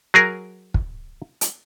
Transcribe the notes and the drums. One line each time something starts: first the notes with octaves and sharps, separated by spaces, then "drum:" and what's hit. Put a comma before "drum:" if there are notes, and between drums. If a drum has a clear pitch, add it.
F#3 G#4 A#4
drum: kick
drum: hi-hat